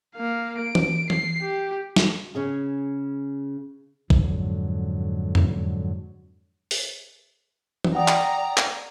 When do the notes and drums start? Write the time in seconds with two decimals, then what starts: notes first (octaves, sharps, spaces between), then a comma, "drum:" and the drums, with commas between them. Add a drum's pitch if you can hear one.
0.16 A#3 F5
0.59 D7
0.75 drum: tom E3
1.10 C7, drum: tom E3
1.42 G4
1.96 drum: snare
2.35 C#3 C#4 G#4
4.10 F2 G#2 D3 F#3, drum: kick
5.35 drum: tom E2
6.71 drum: open hi-hat
7.84 drum: tom E3
7.95 D5 F#5 G5 A#5 D#6
8.08 drum: clap
8.57 drum: clap